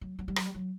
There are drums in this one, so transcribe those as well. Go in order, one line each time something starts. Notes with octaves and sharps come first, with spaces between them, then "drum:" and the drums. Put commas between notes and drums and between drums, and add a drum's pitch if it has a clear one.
F#3
F#3
G3
F#3, drum: rim click
G3
F#3